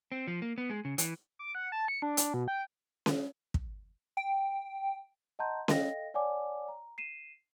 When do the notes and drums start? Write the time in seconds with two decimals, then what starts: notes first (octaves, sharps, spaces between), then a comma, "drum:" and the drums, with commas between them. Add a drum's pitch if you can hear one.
0.12 C4
0.27 F3
0.42 A#3
0.58 B3
0.70 G#3
0.85 C#3
0.98 E3, drum: hi-hat
1.39 D6
1.55 F#5
1.72 A5
1.88 C#7
2.02 D4
2.17 D4, drum: hi-hat
2.34 B2
2.48 G5
3.06 drum: snare C#4
3.54 drum: kick
4.17 G5
5.39 D#5 F#5 A5 A#5 C6 G6
5.68 A4 D#5 F5 G5 A#6, drum: snare C#4
6.14 C#5 D5 F#5 G#5 A5 D6
6.68 A#5
6.98 C7 D#7 E7